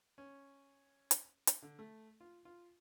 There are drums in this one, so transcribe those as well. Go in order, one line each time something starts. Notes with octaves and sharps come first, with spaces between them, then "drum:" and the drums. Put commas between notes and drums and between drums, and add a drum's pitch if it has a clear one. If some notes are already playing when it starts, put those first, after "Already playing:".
C#4
drum: hi-hat
drum: hi-hat
D3
A3
F4
F4